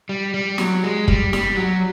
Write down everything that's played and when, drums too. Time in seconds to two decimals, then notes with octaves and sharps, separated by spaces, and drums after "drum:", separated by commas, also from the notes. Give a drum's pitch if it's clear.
0.09 G3
0.34 G3
0.58 F#3, drum: snare
0.84 G#3
1.08 G3, drum: kick
1.33 G3, drum: snare
1.57 F#3